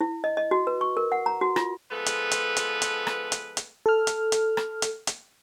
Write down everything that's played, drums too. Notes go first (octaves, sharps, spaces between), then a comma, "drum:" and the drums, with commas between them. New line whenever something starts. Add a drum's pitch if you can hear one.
E4
D#5
D#5
F#4
B4
C#6
A#4
F#5
A#5
F#4
F4, drum: rim click
F3 G#3 B3 A4 B4
drum: hi-hat
drum: hi-hat
drum: hi-hat
drum: hi-hat
drum: rim click
drum: hi-hat
drum: hi-hat
A4 F6
drum: hi-hat
drum: hi-hat
drum: rim click
drum: hi-hat
drum: hi-hat